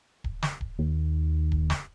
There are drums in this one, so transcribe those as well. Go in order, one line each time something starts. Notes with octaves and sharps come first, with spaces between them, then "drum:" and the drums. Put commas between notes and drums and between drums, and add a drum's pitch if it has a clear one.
drum: kick D1
drum: snare
drum: kick D1
D#2
drum: kick D1
drum: snare